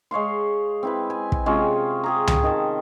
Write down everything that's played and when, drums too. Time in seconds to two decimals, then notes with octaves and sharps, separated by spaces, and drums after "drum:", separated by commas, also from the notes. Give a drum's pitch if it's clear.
0.11 G#3 C#5 F5 C6
0.83 C4 E4 B4
1.10 G#5
1.32 drum: kick
1.46 C3 G#3 C#4 F4
2.04 G4 G#4 A#5
2.27 drum: tom C#2
2.43 D#3 D#5 A5